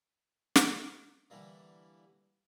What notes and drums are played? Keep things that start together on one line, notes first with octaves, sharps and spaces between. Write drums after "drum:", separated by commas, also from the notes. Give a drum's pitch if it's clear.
drum: snare
D3 E3 G3 A#3